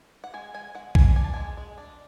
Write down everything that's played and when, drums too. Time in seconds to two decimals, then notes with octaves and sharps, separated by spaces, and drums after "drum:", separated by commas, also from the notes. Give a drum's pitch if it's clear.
0.24 F#5
0.34 G#3 G#5
0.54 G#3 G#5
0.75 G#3 F#5
0.95 D4 G#5, drum: kick A#1
1.16 D4 G#5
1.24 A5
1.34 G#3 G#5
1.57 G#3
1.78 D4